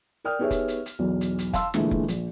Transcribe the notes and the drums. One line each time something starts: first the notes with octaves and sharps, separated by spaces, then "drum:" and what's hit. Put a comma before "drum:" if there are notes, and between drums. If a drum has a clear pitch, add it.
A#4 D5 G5 D#6 F6
B3 D#4 G4 G#4 C#5 E5
drum: kick F1, hi-hat
drum: hi-hat
drum: hi-hat
B1 E2 B2
drum: hi-hat
drum: hi-hat
F5 A5 C6 E6, drum: kick F1, hi-hat
A#2 D3 E3 G#3 A3, drum: snare
drum: kick F1
A#1, drum: hi-hat